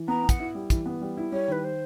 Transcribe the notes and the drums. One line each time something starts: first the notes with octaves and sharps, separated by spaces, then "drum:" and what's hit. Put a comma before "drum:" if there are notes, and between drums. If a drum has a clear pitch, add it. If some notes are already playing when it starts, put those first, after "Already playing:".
Already playing: E3
B3 A#5
B3
F#5, drum: kick, hi-hat
E4
G3
E3, drum: kick, hi-hat
B3
G3
E4
G3 C#5
D#3 B4
C5